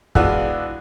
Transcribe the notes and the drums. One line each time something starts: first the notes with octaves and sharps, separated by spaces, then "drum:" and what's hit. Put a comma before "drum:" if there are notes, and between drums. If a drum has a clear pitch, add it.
E3 G#3 B3 D4 F4 F#4, drum: kick